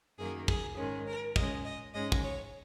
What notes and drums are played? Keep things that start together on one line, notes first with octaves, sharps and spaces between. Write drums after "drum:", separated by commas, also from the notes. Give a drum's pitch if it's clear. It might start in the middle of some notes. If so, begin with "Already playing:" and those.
F#2 D#3 A#3 G#4
G#4, drum: kick
G#2 D#3 G#3 C#4
A#4
A#2 G#3 C#4 D#5, drum: kick
D#5
G#2 G#3 C#4 D#5
drum: kick
C#5